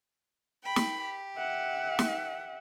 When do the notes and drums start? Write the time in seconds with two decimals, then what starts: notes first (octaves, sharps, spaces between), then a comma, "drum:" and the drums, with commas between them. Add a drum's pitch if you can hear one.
0.63 G5 B5
0.76 drum: snare
1.01 G4
1.37 E5 F#5
1.99 drum: snare